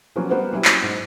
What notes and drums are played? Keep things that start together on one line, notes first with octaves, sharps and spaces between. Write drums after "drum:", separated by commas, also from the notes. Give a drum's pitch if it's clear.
F3 F#3 A#3 B3 C#4 F#4
G3 A#3 B3 B4 C5 F#5
F#3 C#4 E4 G4
drum: clap
G#2